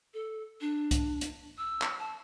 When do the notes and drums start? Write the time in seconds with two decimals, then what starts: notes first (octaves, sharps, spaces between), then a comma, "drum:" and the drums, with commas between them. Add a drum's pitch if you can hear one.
0.14 A4
0.61 D4
0.91 drum: kick C2, hi-hat
1.21 drum: hi-hat
1.58 E6
1.82 drum: clap
1.99 A5